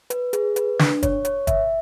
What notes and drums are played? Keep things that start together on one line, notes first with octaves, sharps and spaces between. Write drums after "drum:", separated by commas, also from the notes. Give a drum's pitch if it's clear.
B4, drum: hi-hat
G#4, drum: hi-hat
B4, drum: hi-hat
D4, drum: snare
C#5, drum: kick, hi-hat
C#5, drum: hi-hat
E5, drum: kick, hi-hat